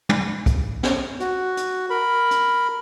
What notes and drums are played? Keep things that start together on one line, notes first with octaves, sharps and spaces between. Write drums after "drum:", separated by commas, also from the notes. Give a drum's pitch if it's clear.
drum: tom
drum: kick, hi-hat
drum: snare
F#4, drum: hi-hat
drum: hi-hat
A#4 B5
drum: hi-hat